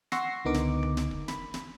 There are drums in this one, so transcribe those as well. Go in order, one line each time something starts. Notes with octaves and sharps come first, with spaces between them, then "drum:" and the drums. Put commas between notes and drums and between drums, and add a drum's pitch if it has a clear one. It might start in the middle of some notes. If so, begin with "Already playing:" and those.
F#5 C6 C#6 E6 A#6 C7, drum: snare
C#2 D3 B3 D#4 A#4 D6
drum: snare
drum: tom C#3
drum: snare
drum: kick
B5, drum: snare
drum: snare